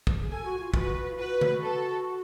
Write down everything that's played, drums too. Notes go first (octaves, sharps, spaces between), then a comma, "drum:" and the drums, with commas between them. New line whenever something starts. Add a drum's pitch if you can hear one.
drum: kick
G#4
A4 G#5
F#4
F4
F#4 B4, drum: kick
F4
F#4 B4
drum: tom C#3
A4